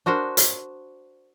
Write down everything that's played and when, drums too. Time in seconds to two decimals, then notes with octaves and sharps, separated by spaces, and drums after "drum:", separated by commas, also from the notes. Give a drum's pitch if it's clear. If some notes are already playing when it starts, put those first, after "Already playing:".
0.06 D4 F#4 A#4 C5
0.37 drum: hi-hat